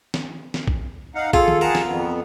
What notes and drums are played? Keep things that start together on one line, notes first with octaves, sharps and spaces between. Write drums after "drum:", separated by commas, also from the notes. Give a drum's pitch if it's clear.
drum: snare
drum: snare
drum: kick A#1
D#4 F5 F#5
F4 G#4 A4, drum: kick A#1
drum: tom D#3
G#4 A#4 F#5 A5
drum: snare
F2 B3